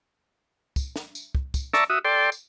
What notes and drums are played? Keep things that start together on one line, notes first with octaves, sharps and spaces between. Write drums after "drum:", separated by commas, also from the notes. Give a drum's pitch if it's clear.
drum: kick, tambourine
drum: snare
drum: tambourine
drum: kick
drum: kick, tambourine
D5 E5 A5 A#5 C#6 E6, drum: snare
F#4 E5 D#6
A4 D5 G5 C6
drum: tambourine